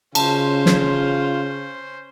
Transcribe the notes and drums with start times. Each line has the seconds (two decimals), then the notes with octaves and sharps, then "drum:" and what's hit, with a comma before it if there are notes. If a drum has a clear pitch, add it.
0.15 C#3 C#4 F4 C5 A5, drum: cymbal
0.66 drum: snare